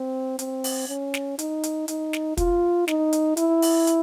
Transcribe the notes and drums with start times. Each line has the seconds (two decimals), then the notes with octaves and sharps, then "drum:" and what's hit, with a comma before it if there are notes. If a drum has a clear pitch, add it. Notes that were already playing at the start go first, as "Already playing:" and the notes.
Already playing: C4
0.39 C4, drum: hi-hat
0.64 drum: open hi-hat
0.89 C#4
1.14 drum: snare
1.39 D#4, drum: hi-hat
1.63 drum: hi-hat
1.88 D#4, drum: hi-hat
2.13 drum: snare
2.37 F4, drum: kick, hi-hat
2.88 D#4, drum: snare
3.13 drum: hi-hat
3.37 E4, drum: hi-hat
3.62 drum: open hi-hat
3.87 drum: hi-hat